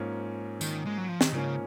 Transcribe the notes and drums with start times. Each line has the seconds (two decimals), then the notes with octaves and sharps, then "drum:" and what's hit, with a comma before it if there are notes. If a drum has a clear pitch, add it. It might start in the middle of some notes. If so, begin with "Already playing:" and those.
Already playing: G#2 F3 A#3 C#4
0.61 D#3, drum: tambourine
0.86 G#3
0.98 F#3
1.09 F3
1.21 D#3, drum: snare
1.32 G#2 C#3 F3 A#3 C#4